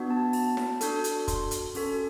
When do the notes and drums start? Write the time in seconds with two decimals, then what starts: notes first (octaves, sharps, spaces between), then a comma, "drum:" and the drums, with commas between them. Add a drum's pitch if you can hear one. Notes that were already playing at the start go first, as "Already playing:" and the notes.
Already playing: B3 D4 F#4
0.10 A5
0.33 A5, drum: open hi-hat
0.57 drum: snare E4
0.81 D4 F#4 A4, drum: hi-hat
1.04 drum: hi-hat
1.28 C6, drum: kick, hi-hat
1.51 drum: hi-hat
1.75 C#4 F#4 A4, drum: open hi-hat